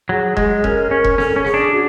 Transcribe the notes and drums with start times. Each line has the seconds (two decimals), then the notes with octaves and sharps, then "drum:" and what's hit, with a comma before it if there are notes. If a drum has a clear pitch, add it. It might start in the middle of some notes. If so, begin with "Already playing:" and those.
0.09 F#3 G#4
0.37 G#3 G#4, drum: kick E1
0.64 C#4 A#4, drum: kick E1
0.91 C#4 A#4
1.04 drum: kick E1
1.18 C#4 A4, drum: snare
1.36 C#4 A4
1.44 G#4, drum: snare
1.54 D4
1.72 F#4